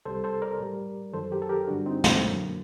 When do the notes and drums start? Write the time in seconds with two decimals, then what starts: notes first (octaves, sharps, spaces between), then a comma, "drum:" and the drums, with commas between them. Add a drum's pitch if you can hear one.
0.05 C2 C3 G3 A4 C5
0.24 A4 C5
0.42 A#4 D5
0.60 A2 G3
1.13 F#2 D#3 F#3 A4 C5
1.32 G4 A#4
1.42 A4
1.49 G4 A#4
1.67 G2 D3 G3 D4 F#4
1.86 C4 D#4
2.04 A3 C4, drum: snare
2.22 F#2 D3 F#3 A#3